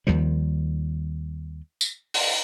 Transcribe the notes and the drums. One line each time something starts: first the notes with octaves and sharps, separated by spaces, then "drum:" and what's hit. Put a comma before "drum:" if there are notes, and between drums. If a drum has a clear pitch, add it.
D#2 D#3 F3 G3
drum: tambourine
drum: open hi-hat